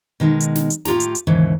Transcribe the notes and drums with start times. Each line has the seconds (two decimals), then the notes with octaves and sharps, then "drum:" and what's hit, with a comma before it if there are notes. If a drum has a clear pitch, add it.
0.20 B2 D#3 G#3 D#4
0.41 drum: hi-hat
0.55 drum: snare
0.70 drum: hi-hat
0.85 A2 F4 G4 A#5, drum: snare
1.00 drum: hi-hat
1.15 drum: hi-hat
1.27 D#2 G#2 C#3 E3